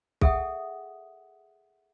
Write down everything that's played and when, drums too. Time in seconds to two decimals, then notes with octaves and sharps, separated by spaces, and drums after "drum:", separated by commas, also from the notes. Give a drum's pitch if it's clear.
0.21 G#4 A4 E5 F#5 G5 D#6, drum: kick